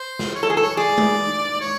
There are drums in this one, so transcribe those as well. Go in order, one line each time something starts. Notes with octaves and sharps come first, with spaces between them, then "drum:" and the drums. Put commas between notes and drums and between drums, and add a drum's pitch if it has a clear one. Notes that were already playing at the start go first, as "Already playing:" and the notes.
Already playing: C5
drum: snare
C#5
A4
G#4
A4
C#5
G#4 D5
drum: tom G#3
C#5